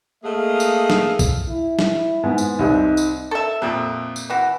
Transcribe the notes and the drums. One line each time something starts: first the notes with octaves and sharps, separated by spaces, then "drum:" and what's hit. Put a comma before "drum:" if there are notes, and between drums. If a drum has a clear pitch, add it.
A3 A#3 G#4 D#5 F5
drum: tambourine
drum: snare
drum: kick, tambourine
E4
drum: snare
G#2 B3
drum: tambourine
C2 C3 D#4
drum: tambourine
A4 E5
F2 A#2
drum: tambourine
E3 F#4